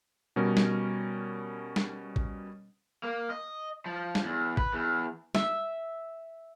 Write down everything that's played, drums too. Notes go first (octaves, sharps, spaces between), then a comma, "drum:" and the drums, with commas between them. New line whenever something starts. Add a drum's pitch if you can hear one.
B2 G3 C#4 A#4
drum: snare
drum: snare
drum: kick
A#3
D#5
F3
drum: snare
E2
B4, drum: kick
E2
E5, drum: snare